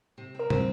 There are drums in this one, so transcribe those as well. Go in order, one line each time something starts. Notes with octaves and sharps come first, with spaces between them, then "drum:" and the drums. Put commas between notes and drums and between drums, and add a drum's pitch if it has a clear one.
C3
C4 A#4
C4, drum: tom